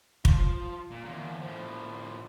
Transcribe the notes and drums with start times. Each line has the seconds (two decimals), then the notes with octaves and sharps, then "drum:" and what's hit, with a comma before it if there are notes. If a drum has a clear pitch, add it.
0.25 F4 A5, drum: kick
0.91 A#2
1.05 E2 A#3
1.42 A2 F3